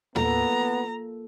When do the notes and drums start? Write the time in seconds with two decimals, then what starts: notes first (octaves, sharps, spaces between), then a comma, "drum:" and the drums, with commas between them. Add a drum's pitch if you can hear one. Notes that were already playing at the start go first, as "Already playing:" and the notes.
0.16 A#3 B3 F4 A4 A#5, drum: tom